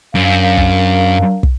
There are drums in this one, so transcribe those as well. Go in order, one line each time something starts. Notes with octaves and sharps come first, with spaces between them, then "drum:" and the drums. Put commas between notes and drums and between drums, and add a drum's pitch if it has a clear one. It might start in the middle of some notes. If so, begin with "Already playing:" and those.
F#2 D4 A#4 F5
drum: kick
drum: kick